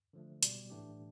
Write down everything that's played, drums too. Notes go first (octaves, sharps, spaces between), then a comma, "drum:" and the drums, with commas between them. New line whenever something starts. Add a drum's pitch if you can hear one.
D3 F3 A3
B2 G3 B3, drum: hi-hat
A2 E3 A3 D4 G4